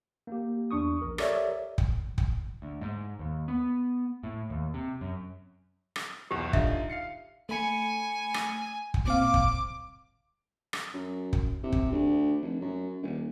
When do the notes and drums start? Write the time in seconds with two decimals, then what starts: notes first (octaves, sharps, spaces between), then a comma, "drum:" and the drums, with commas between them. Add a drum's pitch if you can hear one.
0.27 A#3 G4
0.71 E2 D4 C#6 D#6
1.02 A#1 A#4
1.18 G4 A4 A#4 C#5 D5 E5, drum: rim click
1.78 drum: kick
2.18 drum: kick
2.62 D2
2.82 G#2
3.19 D#2
3.48 B3
4.24 A2
4.50 D#2
4.74 C3
5.01 F#2
5.96 drum: rim click
6.31 B1 E2 G4
6.53 D3 D#4 F4 E5, drum: kick
6.90 F5 C7 C#7
7.49 A3 G#5 B5 C#7
8.34 drum: rim click
8.94 drum: kick
9.05 A#2 C4 F5 D6
9.34 drum: kick
10.73 drum: rim click
10.94 F#2
11.33 drum: kick
11.63 C3
11.72 drum: kick
11.92 D2
12.42 F1
12.61 F#2
13.03 D#1